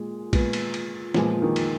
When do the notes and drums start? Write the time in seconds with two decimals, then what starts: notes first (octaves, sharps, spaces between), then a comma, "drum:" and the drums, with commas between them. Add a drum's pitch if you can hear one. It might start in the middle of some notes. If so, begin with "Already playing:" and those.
Already playing: A#2 G#3
0.33 A#2 G#3 B3, drum: kick A#1, cymbal
0.53 drum: cymbal
0.74 drum: cymbal
1.14 A#2 F3 G#3 B3, drum: snare
1.42 D#3
1.56 drum: cymbal